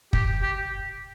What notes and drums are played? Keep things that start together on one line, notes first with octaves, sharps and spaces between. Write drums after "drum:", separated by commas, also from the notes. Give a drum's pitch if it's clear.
G4, drum: kick
G4